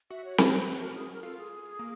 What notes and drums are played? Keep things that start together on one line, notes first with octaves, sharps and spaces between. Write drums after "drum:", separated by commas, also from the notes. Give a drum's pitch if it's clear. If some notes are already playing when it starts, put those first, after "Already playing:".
F#4 E5
C#5
C5, drum: snare C4
C5
B4
A#4
G#4
A#4
F4 A4
G#4
A#3